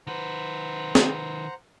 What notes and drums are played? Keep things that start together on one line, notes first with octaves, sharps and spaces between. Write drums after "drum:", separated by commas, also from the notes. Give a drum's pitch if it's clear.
D#3 B4 C5 F#5 A#5
drum: snare